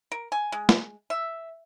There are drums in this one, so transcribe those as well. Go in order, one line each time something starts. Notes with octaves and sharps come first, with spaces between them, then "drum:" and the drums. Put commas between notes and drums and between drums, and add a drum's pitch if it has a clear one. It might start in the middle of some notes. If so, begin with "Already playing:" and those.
A#4
G#5
G#3
drum: snare
E5